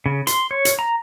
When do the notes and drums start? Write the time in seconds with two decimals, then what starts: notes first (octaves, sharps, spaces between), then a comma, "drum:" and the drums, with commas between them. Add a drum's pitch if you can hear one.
0.06 C#3
0.27 C6, drum: hi-hat
0.51 C#5
0.65 drum: hi-hat
0.79 A#5